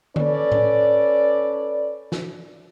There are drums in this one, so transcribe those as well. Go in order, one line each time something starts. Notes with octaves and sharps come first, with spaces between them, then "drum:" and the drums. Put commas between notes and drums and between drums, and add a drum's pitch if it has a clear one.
C#4 A4 B4 D5, drum: tom D3
drum: tom A2
drum: snare